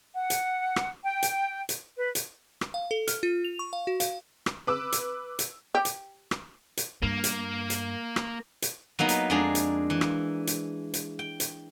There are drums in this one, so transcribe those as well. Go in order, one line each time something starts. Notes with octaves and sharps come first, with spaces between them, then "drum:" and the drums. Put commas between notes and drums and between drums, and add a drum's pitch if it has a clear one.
F#5
drum: hi-hat
drum: rim click
G5
drum: hi-hat
drum: hi-hat
B4
drum: hi-hat
drum: rim click
F5
A4
F6, drum: hi-hat
F4
F7
C#6
F5
F#4
F5, drum: hi-hat
drum: rim click
B4 D6 E6
drum: hi-hat
drum: hi-hat
G4
drum: hi-hat
drum: rim click
drum: hi-hat
G2 A#3
drum: hi-hat
drum: hi-hat
drum: rim click
drum: hi-hat
F#3 A#3 B3 D#4
drum: hi-hat
F2 G#3 D4 G#4 A#5
drum: hi-hat
E3
drum: rim click
drum: hi-hat
drum: hi-hat
G5
drum: hi-hat